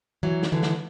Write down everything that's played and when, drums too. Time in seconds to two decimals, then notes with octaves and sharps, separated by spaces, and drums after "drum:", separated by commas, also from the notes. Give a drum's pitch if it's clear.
0.23 E3 F#3
0.43 drum: snare
0.52 D3 E3
0.63 drum: snare